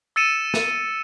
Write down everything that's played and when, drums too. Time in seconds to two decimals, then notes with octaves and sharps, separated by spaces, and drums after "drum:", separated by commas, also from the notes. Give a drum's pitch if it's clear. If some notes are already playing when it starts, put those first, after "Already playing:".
0.16 E6 A6 C#7 D#7 E7
0.54 drum: snare